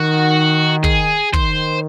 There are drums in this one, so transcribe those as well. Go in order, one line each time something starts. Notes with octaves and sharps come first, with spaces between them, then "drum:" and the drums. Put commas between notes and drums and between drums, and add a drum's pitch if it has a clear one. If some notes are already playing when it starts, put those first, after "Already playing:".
Already playing: D#3 F#4
G#4, drum: kick
D#3 C5, drum: kick